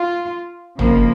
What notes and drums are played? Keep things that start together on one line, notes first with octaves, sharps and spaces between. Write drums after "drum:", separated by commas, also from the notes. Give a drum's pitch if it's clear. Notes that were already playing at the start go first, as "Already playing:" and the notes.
Already playing: F4
F2 C#3 F3 A#3, drum: tom